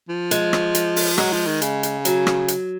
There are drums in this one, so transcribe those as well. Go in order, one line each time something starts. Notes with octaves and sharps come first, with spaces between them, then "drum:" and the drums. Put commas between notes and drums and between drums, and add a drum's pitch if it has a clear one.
F3
G#3, drum: hi-hat
drum: rim click
drum: hi-hat
drum: open hi-hat
F#3 G#3, drum: rim click
F3
D#3
C#3, drum: hi-hat
drum: hi-hat
F#3, drum: hi-hat
drum: rim click
drum: hi-hat